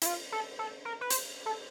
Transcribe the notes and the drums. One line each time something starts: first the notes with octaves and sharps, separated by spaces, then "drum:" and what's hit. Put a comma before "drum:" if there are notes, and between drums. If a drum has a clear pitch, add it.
E4, drum: hi-hat
F4
A4
A4
A#4
B4
C5, drum: hi-hat
A4